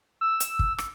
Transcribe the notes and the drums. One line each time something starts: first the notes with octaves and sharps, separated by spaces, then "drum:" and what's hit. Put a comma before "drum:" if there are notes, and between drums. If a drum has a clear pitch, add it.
E6
drum: hi-hat
drum: kick
drum: rim click